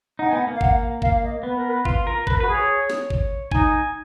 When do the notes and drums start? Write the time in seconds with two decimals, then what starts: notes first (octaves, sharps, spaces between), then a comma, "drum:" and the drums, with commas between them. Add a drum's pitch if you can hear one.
0.19 D#4 F#5
0.28 G#5
0.33 B3 F#5
0.47 A#3
0.55 F5
0.61 F#5, drum: kick
1.02 F5, drum: kick
1.23 D#5
1.43 B3 B4
1.56 A#4
1.69 B4
1.85 F4, drum: kick
2.07 A#4
2.27 A#4 B4, drum: kick
2.40 F#4 B4
2.48 G#4
2.55 C#5
2.90 drum: snare
3.10 drum: kick
3.51 D#4 G#5, drum: kick